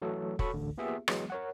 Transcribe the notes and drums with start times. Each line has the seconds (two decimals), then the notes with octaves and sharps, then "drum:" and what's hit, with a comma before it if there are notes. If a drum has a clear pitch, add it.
0.02 E3 F#3 A3 F#4 A4
0.39 F#4 A4 C#5 B5 C#6, drum: kick
0.54 A1 D2 D3
0.78 A#3 B3 F4 G4 G#4 E5
1.08 E3 F#3 G#3 B3, drum: rim click
1.30 A#4 C#5 F#5